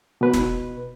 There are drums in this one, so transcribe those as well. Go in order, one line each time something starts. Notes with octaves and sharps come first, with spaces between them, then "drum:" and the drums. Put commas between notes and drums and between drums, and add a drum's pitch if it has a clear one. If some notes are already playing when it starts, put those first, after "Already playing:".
B2 B4
drum: snare